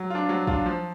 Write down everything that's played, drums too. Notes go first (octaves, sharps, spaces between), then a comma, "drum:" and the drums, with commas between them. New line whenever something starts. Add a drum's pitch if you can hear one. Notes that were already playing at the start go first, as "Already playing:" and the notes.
Already playing: F#3
D4 F4
F#3
D4 F4, drum: kick
F3